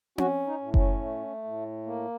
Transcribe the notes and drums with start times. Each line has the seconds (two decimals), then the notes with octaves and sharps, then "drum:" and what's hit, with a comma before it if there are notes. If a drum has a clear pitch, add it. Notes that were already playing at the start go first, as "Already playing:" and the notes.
0.18 C#4 F#4, drum: tom C4
0.47 D#4
0.61 A2
0.74 C#4, drum: kick F#1
1.02 A3
1.44 A2
1.86 A#3